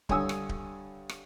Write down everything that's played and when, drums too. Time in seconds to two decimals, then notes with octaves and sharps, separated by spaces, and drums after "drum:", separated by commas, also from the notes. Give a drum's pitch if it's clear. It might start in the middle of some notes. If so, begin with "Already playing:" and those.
0.09 G2 D3 C#5 G#5 D#6 E6, drum: kick D1
0.29 drum: rim click
0.49 drum: kick D1
1.09 drum: rim click